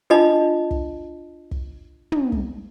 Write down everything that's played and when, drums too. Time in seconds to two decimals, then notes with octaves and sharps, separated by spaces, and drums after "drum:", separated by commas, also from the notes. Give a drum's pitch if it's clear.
0.10 D4 F4 D#5 A5 B5
0.71 drum: kick
1.51 drum: kick
2.12 drum: tom
2.32 drum: kick